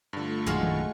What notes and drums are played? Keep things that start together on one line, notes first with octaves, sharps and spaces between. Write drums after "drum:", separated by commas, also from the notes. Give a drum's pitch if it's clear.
G2 D3 A3 F4 C#6
A#1 F#2 D#3 G#3 F#4 F5
drum: tom D#3